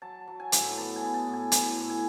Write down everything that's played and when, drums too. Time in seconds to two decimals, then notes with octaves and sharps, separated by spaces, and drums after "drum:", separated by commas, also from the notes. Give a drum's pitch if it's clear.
0.02 F#3 A5
0.27 F#3
0.40 G#5
0.52 A2, drum: hi-hat
0.77 B3 A5
0.96 G#5
1.02 B3
1.14 A5
1.27 A2
1.33 G#5
1.52 A2 G#5, drum: hi-hat
1.77 A2
1.90 G#5